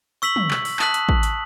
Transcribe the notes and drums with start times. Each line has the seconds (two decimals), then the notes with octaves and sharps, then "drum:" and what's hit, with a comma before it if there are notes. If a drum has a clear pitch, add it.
0.22 C#6 E6 B6 F#7
0.36 drum: tom
0.51 drum: clap
0.65 drum: open hi-hat
0.79 A5 D#6 F#6 B6 F#7, drum: clap
0.94 drum: hi-hat
1.09 drum: kick
1.23 drum: hi-hat